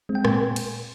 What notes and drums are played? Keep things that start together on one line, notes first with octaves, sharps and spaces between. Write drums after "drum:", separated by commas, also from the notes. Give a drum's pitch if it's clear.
G#3 C4
G5
A#2 G#5, drum: rim click
drum: cymbal